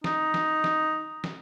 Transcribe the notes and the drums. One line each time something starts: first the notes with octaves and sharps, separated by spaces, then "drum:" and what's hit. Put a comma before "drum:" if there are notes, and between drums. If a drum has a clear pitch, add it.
D#4, drum: snare
drum: snare
drum: snare
drum: snare